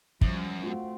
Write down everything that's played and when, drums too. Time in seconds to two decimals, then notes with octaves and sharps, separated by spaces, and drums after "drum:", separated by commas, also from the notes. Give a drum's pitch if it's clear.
0.21 F#2 F3 G3, drum: kick
0.63 A3 C4 F4 F#4